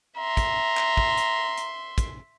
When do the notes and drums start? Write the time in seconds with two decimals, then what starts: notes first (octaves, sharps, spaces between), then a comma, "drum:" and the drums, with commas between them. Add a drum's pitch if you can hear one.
0.17 E5 A#5 C6
0.37 drum: kick, hi-hat
0.77 drum: clap
0.97 drum: kick
1.17 drum: hi-hat
1.58 drum: hi-hat
1.98 drum: kick, hi-hat